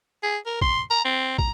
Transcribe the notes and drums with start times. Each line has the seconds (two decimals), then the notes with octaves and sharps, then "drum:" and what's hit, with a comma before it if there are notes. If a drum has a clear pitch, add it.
0.23 G#4
0.46 A#4
0.61 C6, drum: kick
0.90 A#5
1.05 C4
1.39 A#5, drum: kick